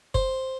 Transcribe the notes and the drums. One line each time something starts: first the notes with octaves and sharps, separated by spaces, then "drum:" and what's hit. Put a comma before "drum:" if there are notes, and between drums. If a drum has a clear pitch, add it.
C5, drum: kick F#1